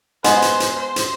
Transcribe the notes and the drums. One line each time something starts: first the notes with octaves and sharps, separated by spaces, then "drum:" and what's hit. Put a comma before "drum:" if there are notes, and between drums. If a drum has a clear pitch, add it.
G#3 B3 C5, drum: hi-hat
drum: hi-hat
drum: hi-hat
C5
drum: hi-hat